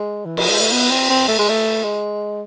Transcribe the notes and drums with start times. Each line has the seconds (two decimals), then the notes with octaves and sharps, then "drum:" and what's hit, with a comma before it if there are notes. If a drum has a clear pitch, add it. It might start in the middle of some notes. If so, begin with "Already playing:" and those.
Already playing: G#3
0.25 E3
0.37 F3, drum: cymbal
0.49 G#3
0.60 A3
0.71 B3
0.91 C4
1.10 C4
1.28 A3
1.39 G#3
1.49 A3
1.83 G#3